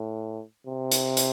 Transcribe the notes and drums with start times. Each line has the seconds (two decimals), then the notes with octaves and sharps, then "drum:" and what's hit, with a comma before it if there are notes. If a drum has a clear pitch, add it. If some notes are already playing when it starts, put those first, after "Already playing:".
Already playing: A2
0.66 C3
0.92 drum: hi-hat
1.17 drum: hi-hat